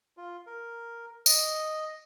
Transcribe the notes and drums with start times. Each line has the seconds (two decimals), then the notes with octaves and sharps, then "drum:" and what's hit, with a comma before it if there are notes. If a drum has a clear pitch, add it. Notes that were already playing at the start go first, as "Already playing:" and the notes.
0.17 F4
0.47 A#4
1.26 D#5, drum: tambourine